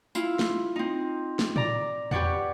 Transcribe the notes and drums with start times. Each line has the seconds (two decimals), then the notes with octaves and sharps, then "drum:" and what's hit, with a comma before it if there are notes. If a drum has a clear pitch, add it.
0.15 E4 F4, drum: tambourine
0.39 drum: snare
0.76 C4 D#4
1.39 drum: snare
1.56 D5 A#5, drum: tom A2
2.11 G4 B4 C#5 D5 F#5, drum: tom E2